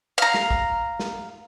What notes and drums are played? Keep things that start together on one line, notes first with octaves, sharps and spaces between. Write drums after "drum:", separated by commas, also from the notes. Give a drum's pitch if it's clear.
F5 A#5
drum: snare
drum: kick
drum: snare